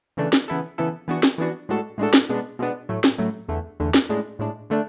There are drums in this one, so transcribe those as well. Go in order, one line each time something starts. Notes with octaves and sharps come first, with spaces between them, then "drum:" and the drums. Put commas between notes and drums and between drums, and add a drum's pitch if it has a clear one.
C#3 E3 A3 D4
drum: snare
C#3 E3 B3 E4 A4
C#3 E3 B3 E4 A4
E3 B3 D4 F#4
drum: snare
E3 B3 D4 F#4
A2 G#3 D4 F#4 A4
A2 G#3 D4 F#4 A4
drum: snare
B2 G#3 B3 D4
B2 G#3 B3 D4
A2 F#3 A3
drum: snare
A2 F#3 A3
E2 D3 A3
E2 D3 A3
drum: snare
A2 G#3 D4
A2 G#3 D4
D3 A3 D4